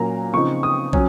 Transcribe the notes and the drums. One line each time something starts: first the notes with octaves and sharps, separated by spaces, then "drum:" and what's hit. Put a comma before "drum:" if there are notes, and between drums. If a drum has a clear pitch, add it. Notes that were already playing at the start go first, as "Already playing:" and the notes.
Already playing: A#2 F#3 A#3 C#4 A#5
C#3 F3 C4 D#4 C#6
D#6
F#3 C#4, drum: kick